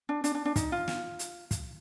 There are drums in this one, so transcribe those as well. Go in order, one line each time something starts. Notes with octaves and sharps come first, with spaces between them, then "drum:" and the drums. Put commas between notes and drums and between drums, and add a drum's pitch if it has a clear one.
D4
D4, drum: hi-hat
D4
D4
D#4, drum: kick, hi-hat
F4
drum: snare
drum: hi-hat
drum: kick, hi-hat